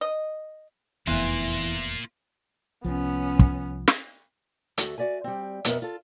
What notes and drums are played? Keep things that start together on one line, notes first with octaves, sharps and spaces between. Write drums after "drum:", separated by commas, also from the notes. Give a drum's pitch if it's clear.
D#5
F1 E2 E3 A#3 B3 F4 E5 C6
C2 F3 B3 C#4
drum: kick
drum: snare
D2 F#4 A4 E5, drum: hi-hat
F#4 D5 E5 G#5
G3 C4
F2 B2 B3 D#4 A#4 E5, drum: hi-hat
F4 A4